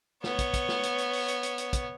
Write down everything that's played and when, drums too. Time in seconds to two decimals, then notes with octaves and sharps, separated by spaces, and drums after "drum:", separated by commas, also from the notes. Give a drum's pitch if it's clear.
0.24 B3 C#5, drum: snare
0.39 drum: kick, hi-hat
0.54 drum: kick, hi-hat
0.68 drum: snare
0.83 drum: hi-hat
0.98 drum: hi-hat
1.13 drum: open hi-hat
1.28 drum: hi-hat
1.43 drum: hi-hat
1.58 drum: hi-hat
1.73 drum: kick, hi-hat